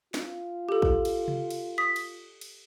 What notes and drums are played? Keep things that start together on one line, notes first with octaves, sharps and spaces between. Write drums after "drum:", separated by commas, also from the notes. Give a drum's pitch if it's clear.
F4, drum: snare
G4 A4
drum: kick
drum: cymbal
drum: tom C3
drum: cymbal
D#6 B6
drum: cymbal
drum: cymbal